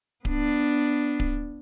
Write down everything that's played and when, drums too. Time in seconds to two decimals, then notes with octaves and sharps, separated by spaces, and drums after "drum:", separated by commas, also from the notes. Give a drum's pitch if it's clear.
0.25 B3 D4, drum: kick D1
1.20 drum: kick D1